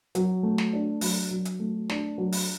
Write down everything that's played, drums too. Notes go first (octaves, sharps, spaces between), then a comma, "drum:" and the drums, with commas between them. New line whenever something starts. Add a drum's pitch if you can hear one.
F#3, drum: hi-hat
A3
drum: snare
D4
F#3, drum: open hi-hat
F#3
drum: hi-hat
A3
D4, drum: snare
F#3
drum: open hi-hat